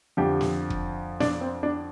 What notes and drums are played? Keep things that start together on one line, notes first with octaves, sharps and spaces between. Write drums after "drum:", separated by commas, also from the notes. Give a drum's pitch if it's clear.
F2 D3 F3 G4
drum: snare
drum: kick
D4, drum: snare
C4
D4